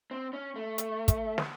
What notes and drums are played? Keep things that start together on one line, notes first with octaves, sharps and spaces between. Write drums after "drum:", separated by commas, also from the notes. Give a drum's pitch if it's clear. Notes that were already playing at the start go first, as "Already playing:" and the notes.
C4
C#4
A3
drum: hi-hat
drum: kick, hi-hat
drum: snare